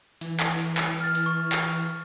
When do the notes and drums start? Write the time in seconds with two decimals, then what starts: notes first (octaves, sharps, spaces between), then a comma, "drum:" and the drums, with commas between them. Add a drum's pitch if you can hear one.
0.21 E3, drum: hi-hat
0.40 drum: clap
0.59 drum: hi-hat
0.78 drum: clap
1.01 F6 A6
1.15 drum: hi-hat
1.26 C#6
1.52 drum: clap